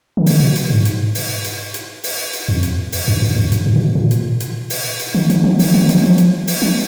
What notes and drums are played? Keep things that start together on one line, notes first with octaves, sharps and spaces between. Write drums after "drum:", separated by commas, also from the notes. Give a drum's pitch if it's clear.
D#3
C#3, drum: open hi-hat
B2
drum: hi-hat
G#2
drum: hi-hat
drum: open hi-hat
drum: hi-hat
drum: hi-hat
drum: open hi-hat
drum: hi-hat
F2
drum: hi-hat
drum: open hi-hat
F#2
F#2
F2
F#2, drum: hi-hat
G#2
A#2
A#2
drum: hi-hat
drum: hi-hat
drum: open hi-hat
drum: hi-hat
D#3
D#3, drum: hi-hat
F3
D#3, drum: open hi-hat
F3
D#3
F3, drum: hi-hat
F3
drum: hi-hat
drum: open hi-hat
F#3